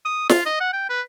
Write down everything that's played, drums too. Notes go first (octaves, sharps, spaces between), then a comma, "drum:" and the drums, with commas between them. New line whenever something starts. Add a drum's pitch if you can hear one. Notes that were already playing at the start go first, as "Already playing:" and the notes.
D#6
F4, drum: snare
D#5
F#5
G5
B4